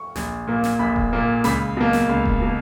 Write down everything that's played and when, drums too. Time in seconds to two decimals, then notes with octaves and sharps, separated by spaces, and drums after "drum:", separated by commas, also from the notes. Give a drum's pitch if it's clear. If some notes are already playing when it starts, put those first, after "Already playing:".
Already playing: C#6
0.16 A#1, drum: snare
0.47 A#2 A#3
0.64 drum: snare
0.79 A#1 B5
0.96 drum: kick E1
1.13 A#2 A#3
1.44 C#2 B5, drum: snare
1.77 B2 A#3
1.93 drum: snare
2.09 C#2
2.25 drum: kick E1
2.42 B2 A#3